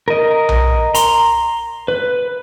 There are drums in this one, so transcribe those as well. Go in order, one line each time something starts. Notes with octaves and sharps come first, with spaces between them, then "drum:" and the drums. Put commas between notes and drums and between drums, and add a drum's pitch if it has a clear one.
A#4 D#5
drum: tom B1
A#5 C6, drum: hi-hat
B4